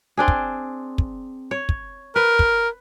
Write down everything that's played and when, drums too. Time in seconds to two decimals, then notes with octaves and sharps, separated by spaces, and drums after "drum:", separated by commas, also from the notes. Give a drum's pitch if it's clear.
0.17 C4 D4 G#4
0.28 drum: kick
0.98 drum: kick
1.51 C#5
1.69 drum: kick
2.16 A#4 B4
2.39 drum: kick